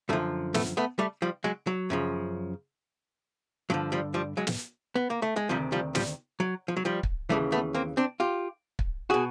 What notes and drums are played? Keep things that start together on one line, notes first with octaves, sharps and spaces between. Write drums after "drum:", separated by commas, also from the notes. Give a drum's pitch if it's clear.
F#2 D3 F3 G3 A3
A3 B3, drum: snare
A3 B3
G3 A3
F3 G3
F#3 G#3
F#3
F#2 C#3 F3
G2 D3 F3 F#3
F3 G3
F3 G3
F#3 G#3
drum: snare
B3
A#3
A3
G#3
D2 C3 D#3 F3 G3
F3 G3
F3 G3, drum: snare
F#3
F3
F#3
F3 G3
drum: kick
D#2 C#3 E3 G3 A3
A3 B3
A#3 C4
C4 D4
F4 G4
drum: kick
B2 F#4 G#4